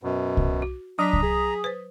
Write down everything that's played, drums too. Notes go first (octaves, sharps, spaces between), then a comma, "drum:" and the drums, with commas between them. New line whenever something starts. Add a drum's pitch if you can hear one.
F#2 B2
drum: kick C2
F#4
F#3 D4 A#5 D#6 B6
drum: kick C2
G#4
B4 C5